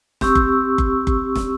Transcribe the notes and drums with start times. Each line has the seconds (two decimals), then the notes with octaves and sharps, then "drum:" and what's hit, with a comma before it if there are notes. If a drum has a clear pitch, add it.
0.21 C4 G4 C#6 E6, drum: snare
0.35 drum: kick F#1
0.78 drum: kick F#1
1.07 drum: kick F#1
1.35 drum: snare